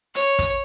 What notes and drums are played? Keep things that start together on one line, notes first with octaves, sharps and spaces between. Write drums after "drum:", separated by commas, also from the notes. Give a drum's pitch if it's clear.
C#5, drum: hi-hat
drum: kick, hi-hat